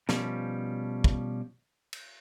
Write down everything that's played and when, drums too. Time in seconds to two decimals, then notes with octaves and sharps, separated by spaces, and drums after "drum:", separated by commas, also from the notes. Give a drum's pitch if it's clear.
0.09 B2 F3 G3 C#4, drum: snare
1.04 drum: kick
1.93 drum: cymbal